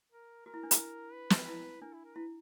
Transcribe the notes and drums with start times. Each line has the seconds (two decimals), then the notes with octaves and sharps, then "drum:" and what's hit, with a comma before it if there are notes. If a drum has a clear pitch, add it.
0.12 A#4
0.46 F#4 A#4
0.54 E4
0.63 D4
0.71 E4, drum: hi-hat
1.14 B4
1.30 drum: snare
1.48 E4
1.82 D4 A#4
1.93 E4
2.04 A#4
2.16 E4 B4